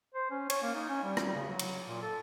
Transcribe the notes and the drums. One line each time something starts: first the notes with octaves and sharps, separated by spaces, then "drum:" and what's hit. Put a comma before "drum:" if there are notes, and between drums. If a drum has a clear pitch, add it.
C5
C#4
C#5, drum: cymbal
A#3
D#4
C#4
G3
G3, drum: rim click
C#3
F#3
drum: cymbal
A#2
A4